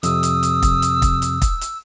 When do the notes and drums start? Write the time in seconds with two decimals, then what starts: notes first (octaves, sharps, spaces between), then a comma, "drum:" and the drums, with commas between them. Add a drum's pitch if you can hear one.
0.03 F2 C3 D#6 E6, drum: hi-hat
0.23 drum: hi-hat
0.43 drum: hi-hat
0.62 drum: kick, hi-hat
0.82 drum: hi-hat
1.02 drum: kick, hi-hat
1.22 drum: hi-hat
1.42 drum: kick, hi-hat
1.61 drum: hi-hat